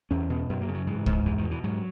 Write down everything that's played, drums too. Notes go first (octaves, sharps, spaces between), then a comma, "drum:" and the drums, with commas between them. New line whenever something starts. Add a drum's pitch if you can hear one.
E2 C#4
B2
F#2
A#3
C#3
F#3
G#2 E3
G#2, drum: kick
E2 E3
D#3
B2
E3
G#2 F#3